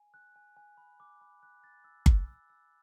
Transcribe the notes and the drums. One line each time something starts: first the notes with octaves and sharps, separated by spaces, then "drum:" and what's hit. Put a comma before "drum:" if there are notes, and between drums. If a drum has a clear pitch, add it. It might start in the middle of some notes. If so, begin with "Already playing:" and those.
Already playing: G#5
F#6
G#5
G#5
B5
D6
B5
F#6
A6
E6
E6, drum: kick G1
E6
E6